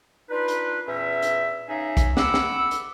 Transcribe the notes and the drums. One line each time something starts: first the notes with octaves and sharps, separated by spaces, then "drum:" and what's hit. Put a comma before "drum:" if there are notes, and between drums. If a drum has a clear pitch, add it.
D4 D#4 F4 B4
drum: hi-hat
E2 A#2 C#4 E5
drum: hi-hat
C#3 C#4 D#4 G#4 E5
drum: kick A#1, hi-hat
F#5 B5 D6 E6, drum: snare
drum: snare
drum: hi-hat